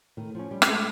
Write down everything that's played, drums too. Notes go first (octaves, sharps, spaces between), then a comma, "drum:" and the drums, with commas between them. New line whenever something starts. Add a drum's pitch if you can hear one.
A2 D#3
F3 C#4
G3
A3, drum: rim click
G#3